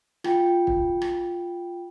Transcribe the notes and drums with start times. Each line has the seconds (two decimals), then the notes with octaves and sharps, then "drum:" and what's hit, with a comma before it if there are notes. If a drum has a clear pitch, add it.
0.24 F4 G5, drum: rim click
0.67 drum: kick
1.02 drum: rim click